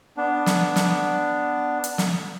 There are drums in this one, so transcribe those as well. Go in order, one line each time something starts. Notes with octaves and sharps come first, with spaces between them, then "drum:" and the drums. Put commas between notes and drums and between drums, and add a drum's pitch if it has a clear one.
B3 D4
drum: snare
drum: snare
drum: hi-hat
drum: snare